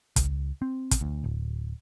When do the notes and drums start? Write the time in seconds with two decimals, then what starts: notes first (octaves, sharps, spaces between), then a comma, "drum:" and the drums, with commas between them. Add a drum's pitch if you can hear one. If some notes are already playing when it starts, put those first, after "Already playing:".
0.16 C#2, drum: kick, hi-hat
0.62 C4
0.91 drum: kick, hi-hat
1.01 D2
1.24 D1